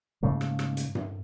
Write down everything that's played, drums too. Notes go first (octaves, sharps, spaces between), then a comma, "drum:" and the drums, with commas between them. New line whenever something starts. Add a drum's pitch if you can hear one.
G#2 C#3 A3 A#3
drum: rim click
drum: rim click
drum: hi-hat
drum: tom G2